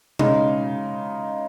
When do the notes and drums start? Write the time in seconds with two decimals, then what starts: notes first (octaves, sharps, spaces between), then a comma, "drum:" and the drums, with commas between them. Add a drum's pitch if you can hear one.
0.19 C#3 G#3 D#4 D#5, drum: tom B2